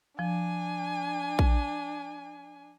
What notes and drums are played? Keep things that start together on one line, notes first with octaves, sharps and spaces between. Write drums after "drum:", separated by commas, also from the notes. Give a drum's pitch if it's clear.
F3 D4 G#5
drum: kick A#1